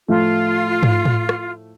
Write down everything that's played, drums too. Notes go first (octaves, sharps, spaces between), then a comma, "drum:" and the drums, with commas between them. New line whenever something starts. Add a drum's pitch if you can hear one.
A2 F3 A3 F4
drum: tom
drum: tom A2
drum: rim click